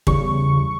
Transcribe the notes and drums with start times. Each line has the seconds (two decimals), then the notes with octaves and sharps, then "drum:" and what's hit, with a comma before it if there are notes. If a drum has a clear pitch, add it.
0.07 E2 C#3 G3 C#6, drum: kick